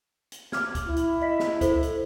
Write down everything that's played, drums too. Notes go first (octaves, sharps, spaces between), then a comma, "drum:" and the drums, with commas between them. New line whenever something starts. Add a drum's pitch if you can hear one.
drum: hi-hat
D6 F6 G#6, drum: snare
drum: kick, hi-hat
E4
drum: hi-hat
D#5 E5 B6
drum: snare
A4 C5, drum: kick, hi-hat
drum: hi-hat